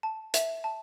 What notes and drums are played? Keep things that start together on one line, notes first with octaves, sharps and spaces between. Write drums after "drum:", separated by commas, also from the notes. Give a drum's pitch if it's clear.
A5
E5, drum: hi-hat
A5